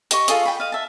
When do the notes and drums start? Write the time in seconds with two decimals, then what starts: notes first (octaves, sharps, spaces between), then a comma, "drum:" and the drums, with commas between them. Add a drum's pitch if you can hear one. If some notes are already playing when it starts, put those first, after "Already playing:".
0.11 G4 D#5 C#6, drum: hi-hat
0.28 F4 G#4 A4 D#5, drum: hi-hat
0.45 G5 B5
0.60 D#5 F5
0.72 E5 A5